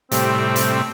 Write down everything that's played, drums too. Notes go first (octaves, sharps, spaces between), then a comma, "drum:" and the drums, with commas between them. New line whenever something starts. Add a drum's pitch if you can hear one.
A2 C3 G3 C4, drum: hi-hat
drum: hi-hat